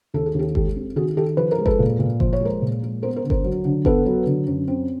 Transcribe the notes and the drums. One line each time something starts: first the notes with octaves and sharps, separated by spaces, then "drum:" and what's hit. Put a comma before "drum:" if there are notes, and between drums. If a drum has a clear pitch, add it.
D#2 A4
G#4
D#2 G4 A4
G#3 G4 A4, drum: kick G1
C4
D#3 F#4 G#4
D#3 G4 A4
F3 B4
A#4
G#3
A4 B4, drum: kick G1
A#2
A#2
F3 C5, drum: kick G1
C#5
G#3
A#4 C5
A#2
G#3
B3 A#4 C5
A#4 C5
D3
A#4 C5, drum: kick G1
F#3
D3
B3 A4 B4, drum: kick G1
F#3
D3
F#2
C4